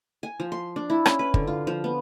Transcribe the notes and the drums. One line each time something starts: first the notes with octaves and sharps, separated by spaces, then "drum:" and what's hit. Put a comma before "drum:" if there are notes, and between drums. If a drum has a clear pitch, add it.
G#5
F3
C6
D4
E4
C#4, drum: rim click
B4
D3, drum: kick
F4
F3
B3